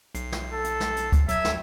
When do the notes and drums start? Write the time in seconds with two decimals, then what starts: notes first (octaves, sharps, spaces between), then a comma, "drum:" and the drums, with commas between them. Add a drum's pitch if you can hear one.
0.15 B1 C7, drum: hi-hat
0.32 drum: snare
0.53 A4
0.64 drum: hi-hat
0.80 drum: snare
0.96 drum: hi-hat
1.12 drum: kick D2, hi-hat
1.29 F#3 E5 G#6, drum: hi-hat
1.45 drum: snare